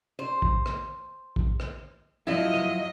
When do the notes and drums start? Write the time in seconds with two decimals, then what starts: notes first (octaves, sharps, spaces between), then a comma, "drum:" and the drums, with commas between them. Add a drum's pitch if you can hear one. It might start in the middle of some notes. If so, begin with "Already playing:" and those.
0.19 C5
0.42 drum: kick
0.66 drum: rim click
1.36 drum: kick
1.60 drum: rim click
2.27 F3 F#3 E4 D#5
2.54 drum: rim click